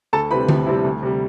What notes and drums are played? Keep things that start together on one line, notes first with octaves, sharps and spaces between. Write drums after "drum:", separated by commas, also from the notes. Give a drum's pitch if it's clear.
D2 A4 A5
C3 G3 C4 E4 B4 B5
D2, drum: tom D3
C3 G3 C4 E4
D2
C3 G3